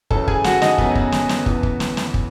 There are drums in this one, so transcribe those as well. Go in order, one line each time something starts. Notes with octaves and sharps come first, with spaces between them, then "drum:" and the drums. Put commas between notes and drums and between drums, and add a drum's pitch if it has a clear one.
F#2 C#3 E3 A4 A5, drum: kick
G#4 G#5, drum: kick
F#4 F#5, drum: snare
D#4 D#5, drum: snare
F#2 C#3 E3 B3 B4, drum: kick
drum: kick
drum: snare
drum: snare
E2 C#3 E3, drum: kick
drum: kick
drum: snare
drum: snare
drum: kick